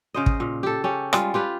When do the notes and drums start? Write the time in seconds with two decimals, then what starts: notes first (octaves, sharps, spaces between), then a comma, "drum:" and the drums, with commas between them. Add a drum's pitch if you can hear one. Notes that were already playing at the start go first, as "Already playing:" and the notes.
0.14 C#3 C5 D#5
0.26 drum: kick
0.40 A#2
0.63 G4 A4
0.84 C#4 G4
1.13 G3 G#3 F4, drum: rim click
1.34 F4 G4 B4